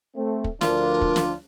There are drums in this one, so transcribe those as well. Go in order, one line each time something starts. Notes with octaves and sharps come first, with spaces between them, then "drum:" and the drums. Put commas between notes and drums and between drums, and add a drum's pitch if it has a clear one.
A3 C4
drum: kick
D2 F3 D4 F4 A#4, drum: snare
drum: kick
drum: snare